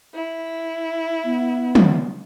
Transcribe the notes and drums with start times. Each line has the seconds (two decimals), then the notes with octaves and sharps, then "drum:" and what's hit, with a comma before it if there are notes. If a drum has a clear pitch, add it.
0.14 E4
1.25 B3
1.75 drum: tom